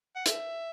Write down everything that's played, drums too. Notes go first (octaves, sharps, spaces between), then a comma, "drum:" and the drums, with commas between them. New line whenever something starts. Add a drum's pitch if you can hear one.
F#5
E5, drum: hi-hat